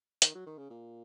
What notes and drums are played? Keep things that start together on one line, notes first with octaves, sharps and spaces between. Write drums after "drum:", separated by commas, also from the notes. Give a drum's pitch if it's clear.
D#3, drum: hi-hat
F#3
D#3
C#3
A#2